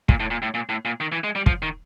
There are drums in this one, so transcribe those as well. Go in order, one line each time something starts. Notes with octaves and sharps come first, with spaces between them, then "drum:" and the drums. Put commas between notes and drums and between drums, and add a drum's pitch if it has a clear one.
A#2, drum: kick
A2
A#2
A2
A#2
A2
A#2
D#3
E3
G#3
G3
F3, drum: kick
D#3